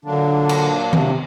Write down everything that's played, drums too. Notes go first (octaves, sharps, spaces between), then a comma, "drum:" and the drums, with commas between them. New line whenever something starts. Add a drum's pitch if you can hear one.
A#2 D3 F#3 A#3 D4
drum: cymbal
C3, drum: tom D#3